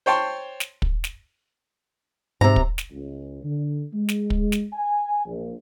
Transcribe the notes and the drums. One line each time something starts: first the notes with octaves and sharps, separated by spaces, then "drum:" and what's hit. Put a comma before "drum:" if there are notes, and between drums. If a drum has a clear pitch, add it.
C5 C#5 G5 A5 C6
drum: snare
drum: kick
drum: snare
G#2 C3 A#5
drum: kick
drum: snare
C#2
D3
G#3
drum: snare
drum: kick
drum: snare
G#5
A#1